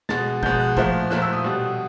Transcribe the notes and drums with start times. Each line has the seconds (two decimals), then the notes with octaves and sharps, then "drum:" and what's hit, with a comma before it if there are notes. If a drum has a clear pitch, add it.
0.09 B2 G#3 A6, drum: snare
0.43 B2 G#3 G6, drum: kick
0.60 F#6
0.77 A#2 F3 A3, drum: kick
1.11 A#2 F3 A3 F#6, drum: snare
1.22 E6
1.33 D#6
1.44 B2 G3